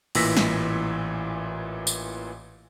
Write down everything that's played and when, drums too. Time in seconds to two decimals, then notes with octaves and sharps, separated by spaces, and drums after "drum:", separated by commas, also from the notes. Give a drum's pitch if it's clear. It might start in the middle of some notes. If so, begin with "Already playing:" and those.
0.15 A1 A#2 E3 E6 A#6 B6, drum: open hi-hat
0.37 drum: snare
1.87 drum: tambourine